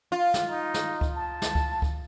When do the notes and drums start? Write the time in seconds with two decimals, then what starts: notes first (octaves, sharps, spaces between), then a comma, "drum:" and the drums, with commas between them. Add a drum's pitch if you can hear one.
0.12 F4
0.34 drum: snare
0.47 D#4
0.74 drum: snare
1.01 drum: kick C#2
1.15 A5
1.42 drum: snare
1.55 drum: kick C#2
1.82 drum: kick C#2